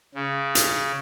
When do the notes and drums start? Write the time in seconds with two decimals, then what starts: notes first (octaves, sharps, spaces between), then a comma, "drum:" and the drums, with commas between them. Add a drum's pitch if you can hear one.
0.14 C#3
0.55 drum: hi-hat